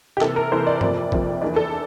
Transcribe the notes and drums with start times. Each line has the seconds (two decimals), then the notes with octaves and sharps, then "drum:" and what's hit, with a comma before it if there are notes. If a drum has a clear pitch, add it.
0.17 G4
0.21 C3 E3 A#3 A4, drum: clap
0.36 A#4
0.52 C3 E3 A#3 C5
0.67 D5
0.81 F2 C3 F3 A#3, drum: tom G2
1.12 F2 C3 F3 A#3, drum: kick
1.42 E2 E3 A#3 D4 D5
1.56 A4